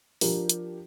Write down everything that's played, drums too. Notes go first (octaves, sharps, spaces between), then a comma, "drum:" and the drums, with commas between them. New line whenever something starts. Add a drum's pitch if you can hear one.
F3 D4 G4 A#4, drum: open hi-hat
drum: hi-hat